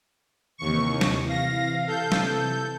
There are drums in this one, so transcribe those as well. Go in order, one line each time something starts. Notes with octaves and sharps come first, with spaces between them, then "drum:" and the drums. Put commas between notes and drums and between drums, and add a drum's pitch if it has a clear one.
D#2 C3 E3 C#6
drum: snare
F5 A#6
A4 G6
drum: snare